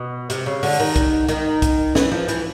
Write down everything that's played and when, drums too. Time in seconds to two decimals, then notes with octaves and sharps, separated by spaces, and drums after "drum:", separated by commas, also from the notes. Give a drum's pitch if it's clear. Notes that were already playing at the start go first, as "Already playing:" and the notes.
Already playing: B2
0.30 C3, drum: hi-hat
0.46 C#3
0.63 D3, drum: open hi-hat
0.80 D#3
0.96 drum: kick, hi-hat
1.28 D#3, drum: hi-hat
1.62 drum: kick, hi-hat
1.95 E3, drum: snare
2.12 F3
2.28 E3, drum: hi-hat